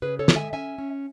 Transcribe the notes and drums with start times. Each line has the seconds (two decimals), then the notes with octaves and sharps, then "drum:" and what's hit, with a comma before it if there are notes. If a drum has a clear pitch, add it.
0.02 C#3 G#4 B4
0.19 A4 C#5
0.28 G#3, drum: snare
0.36 E5 G#5
0.53 C#4 E5 G#5
0.78 C#4